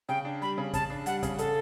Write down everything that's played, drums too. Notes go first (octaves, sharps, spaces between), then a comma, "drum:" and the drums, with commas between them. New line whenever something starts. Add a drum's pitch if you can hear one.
C#3 G5
D4
G3 B5
C#3
C#3 A5, drum: kick, hi-hat
D4
G3 F#5, drum: hi-hat
C#3, drum: kick, hi-hat
C#3 A4, drum: hi-hat